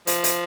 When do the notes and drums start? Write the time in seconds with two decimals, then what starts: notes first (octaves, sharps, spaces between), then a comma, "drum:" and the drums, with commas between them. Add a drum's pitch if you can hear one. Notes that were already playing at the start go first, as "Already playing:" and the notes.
0.07 F3, drum: hi-hat
0.24 drum: hi-hat